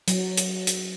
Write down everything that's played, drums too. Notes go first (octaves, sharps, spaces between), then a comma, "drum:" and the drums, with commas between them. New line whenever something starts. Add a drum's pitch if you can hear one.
F#3, drum: hi-hat
drum: hi-hat
drum: hi-hat